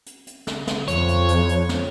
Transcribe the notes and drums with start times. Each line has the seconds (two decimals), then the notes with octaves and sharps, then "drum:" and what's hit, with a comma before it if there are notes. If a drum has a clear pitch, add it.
0.06 drum: hi-hat
0.27 drum: hi-hat
0.47 drum: snare
0.67 drum: snare
0.88 F2 C#5, drum: hi-hat
1.08 drum: hi-hat
1.28 drum: hi-hat
1.49 drum: hi-hat
1.69 drum: snare